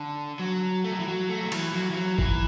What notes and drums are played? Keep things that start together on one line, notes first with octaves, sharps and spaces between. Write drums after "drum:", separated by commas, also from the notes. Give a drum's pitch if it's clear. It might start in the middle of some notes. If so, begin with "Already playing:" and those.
Already playing: D3
F#3
A3
F#3
E3
F#3
A3
F#3
E3, drum: cymbal
F#3
E3
F#3
E3, drum: kick G1